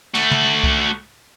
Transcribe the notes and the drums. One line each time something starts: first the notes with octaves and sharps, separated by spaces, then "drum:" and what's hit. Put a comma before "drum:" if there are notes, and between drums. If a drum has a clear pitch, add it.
A3 F#4, drum: cymbal
drum: tom
drum: kick C2